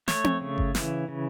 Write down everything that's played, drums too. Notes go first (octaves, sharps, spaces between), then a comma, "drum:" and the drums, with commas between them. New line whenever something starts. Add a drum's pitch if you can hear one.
A3 C#5, drum: snare
drum: tom C4
C#3
drum: kick G1
E3, drum: snare
C#3